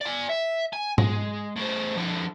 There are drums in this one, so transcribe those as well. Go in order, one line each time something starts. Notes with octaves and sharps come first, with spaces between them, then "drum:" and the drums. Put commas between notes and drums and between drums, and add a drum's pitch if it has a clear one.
D5 G#5
E5
G#5
G#3, drum: tom G#2
A2 C5
D3 F3